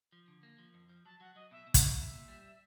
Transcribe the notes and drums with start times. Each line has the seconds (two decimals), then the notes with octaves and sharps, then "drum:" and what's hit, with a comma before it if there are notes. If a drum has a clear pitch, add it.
0.12 F3
0.28 D3
0.43 A#3
0.58 F3
0.74 F2
0.90 F3
1.05 F#3 A5
1.20 F#3 F#5
1.36 F#3 D#5
1.51 B2 E5
1.67 B2
1.74 D#5, drum: kick, hi-hat
1.82 B2
1.93 F5
1.98 B1 E5
2.13 A#2
2.28 G3